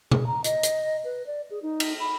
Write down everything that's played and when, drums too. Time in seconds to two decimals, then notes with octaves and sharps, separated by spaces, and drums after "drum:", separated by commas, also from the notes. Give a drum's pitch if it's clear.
0.11 G#4, drum: tom B2
0.27 A#5
0.44 D#5, drum: hi-hat
0.63 drum: hi-hat
1.05 B4
1.27 D5
1.51 G#4
1.63 D#4
1.80 drum: cymbal
2.00 B5